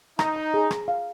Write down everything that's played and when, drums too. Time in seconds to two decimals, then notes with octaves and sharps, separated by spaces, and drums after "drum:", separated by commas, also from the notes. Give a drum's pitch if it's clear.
0.19 D#4 A#5, drum: rim click
0.36 A#5
0.54 G#4
0.71 A#5, drum: rim click
0.88 F5